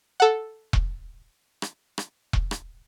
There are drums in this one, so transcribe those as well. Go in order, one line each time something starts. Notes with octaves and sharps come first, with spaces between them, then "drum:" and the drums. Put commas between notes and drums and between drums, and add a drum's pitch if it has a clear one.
A4 F#5
drum: kick E1
drum: rim click
drum: rim click
drum: kick E1
drum: rim click